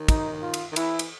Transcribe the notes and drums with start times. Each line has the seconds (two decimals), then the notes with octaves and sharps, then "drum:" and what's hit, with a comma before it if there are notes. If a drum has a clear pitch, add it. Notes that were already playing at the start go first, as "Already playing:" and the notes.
Already playing: D#3
0.08 D#4, drum: kick, cymbal
0.42 F4
0.54 drum: cymbal
0.72 D#3
0.76 E3 E4, drum: cymbal
0.99 drum: cymbal